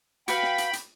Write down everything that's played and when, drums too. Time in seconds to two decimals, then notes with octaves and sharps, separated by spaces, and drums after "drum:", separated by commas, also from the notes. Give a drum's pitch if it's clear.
0.28 F#4 B4 F5 G5 B5, drum: hi-hat
0.43 drum: snare
0.58 drum: hi-hat
0.73 drum: hi-hat